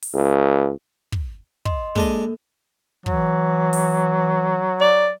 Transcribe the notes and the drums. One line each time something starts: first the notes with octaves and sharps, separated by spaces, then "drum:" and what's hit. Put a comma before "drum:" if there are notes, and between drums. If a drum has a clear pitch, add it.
drum: open hi-hat
C#2
drum: kick
D#5 C6, drum: kick
G#3 A#3 D4 A4 D#5, drum: kick
E3 F#3, drum: kick
drum: open hi-hat
D5